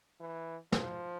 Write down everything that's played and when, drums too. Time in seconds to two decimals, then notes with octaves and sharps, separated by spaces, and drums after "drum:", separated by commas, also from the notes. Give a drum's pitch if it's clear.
0.20 E3
0.72 F3, drum: snare